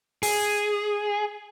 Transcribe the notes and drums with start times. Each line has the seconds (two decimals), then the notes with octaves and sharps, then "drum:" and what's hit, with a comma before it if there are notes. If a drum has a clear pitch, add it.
0.23 G#4, drum: open hi-hat